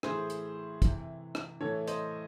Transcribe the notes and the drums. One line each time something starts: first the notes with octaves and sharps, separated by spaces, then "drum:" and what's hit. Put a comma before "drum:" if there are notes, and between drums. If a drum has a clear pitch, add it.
A2 E3 G#4 C5, drum: rim click
drum: hi-hat
C3 E3, drum: kick, hi-hat
drum: rim click
A2 E3 A4 C#5
C5 D#5, drum: hi-hat